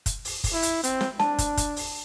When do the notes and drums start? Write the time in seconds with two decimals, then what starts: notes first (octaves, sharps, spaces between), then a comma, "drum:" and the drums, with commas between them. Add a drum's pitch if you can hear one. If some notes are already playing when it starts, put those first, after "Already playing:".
0.06 drum: kick, hi-hat
0.25 drum: open hi-hat
0.44 drum: kick, open hi-hat
0.53 E4
0.63 drum: hi-hat
0.84 C4, drum: hi-hat
1.01 drum: snare
1.20 D4 A5, drum: snare
1.38 drum: kick, hi-hat
1.57 drum: kick, hi-hat
1.76 drum: open hi-hat